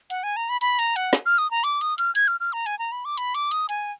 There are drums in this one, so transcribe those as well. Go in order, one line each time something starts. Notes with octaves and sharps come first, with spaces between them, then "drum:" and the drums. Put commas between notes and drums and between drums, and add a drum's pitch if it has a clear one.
F#5, drum: hi-hat
G#5
A#5
B5
B5, drum: hi-hat
A#5, drum: hi-hat
F#5, drum: hi-hat
drum: snare
F6
D#6
A#5
D6, drum: hi-hat
D#6, drum: hi-hat
F6, drum: hi-hat
G#6, drum: hi-hat
F6
F6
A#5
G#5, drum: hi-hat
A#5
B5
D6
B5, drum: hi-hat
D6, drum: hi-hat
D#6, drum: hi-hat
G#5, drum: hi-hat